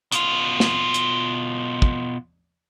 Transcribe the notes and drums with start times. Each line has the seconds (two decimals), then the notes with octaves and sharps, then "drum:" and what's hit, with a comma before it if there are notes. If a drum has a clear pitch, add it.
0.12 B2 F4, drum: hi-hat
0.60 drum: snare
0.94 drum: hi-hat
1.82 drum: kick